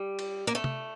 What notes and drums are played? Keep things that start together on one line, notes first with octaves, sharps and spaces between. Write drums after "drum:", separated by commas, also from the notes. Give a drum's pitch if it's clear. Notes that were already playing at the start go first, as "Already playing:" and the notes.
Already playing: G3
drum: cymbal
A#3
A3
drum: tom C3